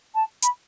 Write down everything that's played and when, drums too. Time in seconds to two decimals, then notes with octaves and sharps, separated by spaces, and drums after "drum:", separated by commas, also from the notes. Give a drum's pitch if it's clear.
0.14 A5
0.42 B5, drum: hi-hat